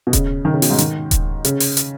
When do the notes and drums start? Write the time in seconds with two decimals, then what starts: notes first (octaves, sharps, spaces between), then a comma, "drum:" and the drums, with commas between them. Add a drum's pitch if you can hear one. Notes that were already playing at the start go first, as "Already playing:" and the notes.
0.07 B2
0.13 C#3, drum: kick D#1, hi-hat
0.45 D#3
0.54 C#3
0.62 B2, drum: open hi-hat
0.70 G#2
0.78 D#3, drum: hi-hat
1.11 drum: kick D#1, hi-hat
1.45 C#3, drum: hi-hat
1.60 drum: open hi-hat
1.77 drum: hi-hat